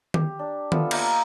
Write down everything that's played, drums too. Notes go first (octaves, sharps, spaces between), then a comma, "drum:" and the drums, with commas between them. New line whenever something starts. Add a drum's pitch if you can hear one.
G4, drum: tom D#3
D4
B3 F4 A4 E5, drum: tom D#3
A#3 A#4 D#5 E5, drum: cymbal